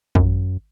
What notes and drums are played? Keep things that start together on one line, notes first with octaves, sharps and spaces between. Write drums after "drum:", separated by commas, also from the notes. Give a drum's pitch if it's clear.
F#2, drum: kick